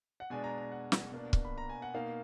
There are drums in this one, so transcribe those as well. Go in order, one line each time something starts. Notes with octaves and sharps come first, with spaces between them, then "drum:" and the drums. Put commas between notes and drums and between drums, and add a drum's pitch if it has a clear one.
F#5
B2 G#3 D4 G#5
A#5
A#5
F#5
drum: snare
B2 A#3 D4
drum: kick
B5
A#5
G#5
F#5
B2 A#3 D#4 F5